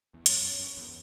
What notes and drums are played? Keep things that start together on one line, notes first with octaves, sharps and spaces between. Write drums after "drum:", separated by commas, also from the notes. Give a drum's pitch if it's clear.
E2
F#2 C#5, drum: hi-hat
F#2
F#2
E2